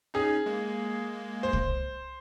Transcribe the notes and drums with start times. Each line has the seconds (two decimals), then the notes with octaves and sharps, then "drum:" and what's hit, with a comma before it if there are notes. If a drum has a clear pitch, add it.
0.14 C#4 D#4 G#4
0.46 G#3 A#3
1.43 C5
1.53 drum: kick C2